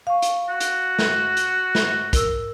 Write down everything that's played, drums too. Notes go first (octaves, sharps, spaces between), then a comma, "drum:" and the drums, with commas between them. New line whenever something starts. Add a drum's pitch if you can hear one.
F5 C#6
drum: hi-hat
F#4
drum: hi-hat
drum: snare
drum: hi-hat
drum: snare
A#4 E6, drum: kick, hi-hat